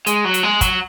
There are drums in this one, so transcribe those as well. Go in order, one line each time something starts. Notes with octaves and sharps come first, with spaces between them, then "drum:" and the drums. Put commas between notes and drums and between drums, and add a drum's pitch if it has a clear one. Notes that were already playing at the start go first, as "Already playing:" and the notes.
G#3, drum: hi-hat
F#3
drum: hi-hat
G#3
F#3, drum: kick, hi-hat